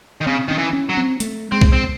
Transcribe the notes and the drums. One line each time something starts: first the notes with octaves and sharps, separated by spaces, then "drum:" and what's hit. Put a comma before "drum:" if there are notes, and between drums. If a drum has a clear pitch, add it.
D#3
C#3 C4
D#3 C#4
E3
C#4
F#3
C4
A3, drum: hi-hat
G#3 C4
drum: kick B1
C4